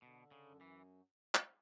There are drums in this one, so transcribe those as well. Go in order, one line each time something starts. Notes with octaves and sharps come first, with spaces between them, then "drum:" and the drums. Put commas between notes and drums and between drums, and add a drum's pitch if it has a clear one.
B2 D3
C#3
F#2
E3
drum: clap